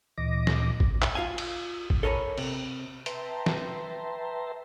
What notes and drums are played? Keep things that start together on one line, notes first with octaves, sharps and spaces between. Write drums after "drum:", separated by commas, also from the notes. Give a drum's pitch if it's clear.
D2 A#2 E3 D#5 D6 A#6
drum: snare
drum: kick G#1
drum: clap
F4 F5 G#5
drum: cymbal
drum: kick G#1
A4 A#4 C#5 G#5 A5 B5
C3, drum: cymbal
B4 E5 G5 A5 A#5 C6, drum: hi-hat
drum: snare